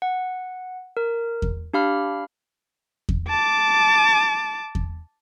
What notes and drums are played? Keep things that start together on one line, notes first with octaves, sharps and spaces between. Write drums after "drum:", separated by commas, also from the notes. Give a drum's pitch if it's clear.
F#5
A#4
drum: kick E2
D4 G4 F5 B5 F6
drum: kick E2
A5 D6
drum: kick E2